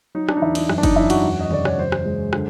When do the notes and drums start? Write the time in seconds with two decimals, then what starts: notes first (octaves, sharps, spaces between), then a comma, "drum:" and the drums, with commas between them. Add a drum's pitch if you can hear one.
0.15 F#3 D#4
0.29 D4, drum: rim click
0.37 D#4
0.42 E2 E4
0.55 D#4, drum: cymbal
0.69 F#2, drum: rim click
0.78 D4
0.83 D#4, drum: kick, cymbal
0.96 F#2 E4
1.10 F#4, drum: cymbal
1.24 E1
1.41 D#5
1.51 C#3 D5, drum: tom
1.65 C#5, drum: rim click
1.79 F#2 C5
1.92 drum: rim click
2.05 G#3
2.33 D3, drum: rim click